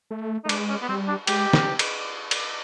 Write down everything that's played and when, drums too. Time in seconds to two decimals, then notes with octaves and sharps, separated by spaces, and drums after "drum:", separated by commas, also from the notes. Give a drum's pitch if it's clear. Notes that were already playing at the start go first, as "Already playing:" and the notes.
0.11 A3
0.44 A3 D#4
0.49 G#3 D4, drum: cymbal
0.69 C#4
0.82 B3
0.88 G3 C4
1.08 D4
1.27 G#3 G4, drum: cymbal
1.53 drum: snare
1.79 drum: cymbal
2.31 drum: cymbal